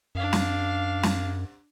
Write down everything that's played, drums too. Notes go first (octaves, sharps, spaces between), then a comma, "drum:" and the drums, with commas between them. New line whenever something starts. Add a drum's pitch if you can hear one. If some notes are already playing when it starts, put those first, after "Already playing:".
F#2 D4 F5
drum: snare
drum: snare